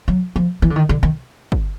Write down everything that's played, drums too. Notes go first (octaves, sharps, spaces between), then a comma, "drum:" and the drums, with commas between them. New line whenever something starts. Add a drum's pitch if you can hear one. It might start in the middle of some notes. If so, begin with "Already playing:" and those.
F#3
F3
E3
D3
D#3
D3
D#3
drum: kick